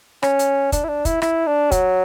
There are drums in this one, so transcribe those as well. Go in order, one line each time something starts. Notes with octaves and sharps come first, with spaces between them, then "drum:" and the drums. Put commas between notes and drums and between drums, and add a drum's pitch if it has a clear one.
C#4, drum: rim click
drum: hi-hat
D4, drum: kick, hi-hat
E4
D4
E4, drum: kick, hi-hat
E4, drum: rim click
D4
F#3, drum: kick, hi-hat